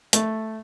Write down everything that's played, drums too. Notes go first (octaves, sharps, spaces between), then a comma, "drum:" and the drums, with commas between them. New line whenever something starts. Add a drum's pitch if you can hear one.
A3, drum: hi-hat